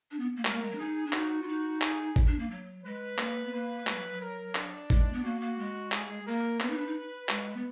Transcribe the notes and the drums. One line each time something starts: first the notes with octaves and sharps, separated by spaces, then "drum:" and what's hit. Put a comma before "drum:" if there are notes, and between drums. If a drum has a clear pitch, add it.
D4
B3
A#3
G#3 A#4, drum: clap
A#3
G#3
F#3
D4
D#4 G#4
D4
D#4 F#4, drum: clap
F4
D#4
G#4, drum: clap
drum: kick G#1
D4
A#3
F#3
G#3 B4
A#3, drum: clap
B3
A#3 B4
G#3, drum: clap
F#3
F#3
A#4
D4, drum: clap
G#3, drum: kick G#1
B3
A#3 F#4
A#3
G#3
G#4, drum: clap
A#3 A#4
B3 B4, drum: clap
D#4
D4
D#4
G#3, drum: clap
B3